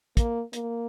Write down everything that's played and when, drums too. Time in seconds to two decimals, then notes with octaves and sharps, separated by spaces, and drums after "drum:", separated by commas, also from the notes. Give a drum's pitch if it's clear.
0.17 A#3, drum: kick, hi-hat
0.53 A#3, drum: hi-hat